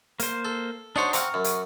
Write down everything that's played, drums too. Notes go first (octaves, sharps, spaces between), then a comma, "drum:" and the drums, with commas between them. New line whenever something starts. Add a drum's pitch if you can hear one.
A#3 C5, drum: hi-hat
A4
D4 D#4 F#4 C5 C#5
C4 F5 F#5 A#5 C#6 F6, drum: hi-hat
F#2
drum: hi-hat